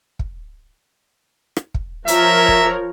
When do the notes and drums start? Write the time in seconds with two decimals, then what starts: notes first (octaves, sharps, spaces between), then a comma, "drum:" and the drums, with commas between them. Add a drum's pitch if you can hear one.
0.19 drum: kick
1.57 drum: rim click
1.74 drum: kick
2.08 F3 A#4 C#5 E5 A#5, drum: hi-hat
2.48 drum: kick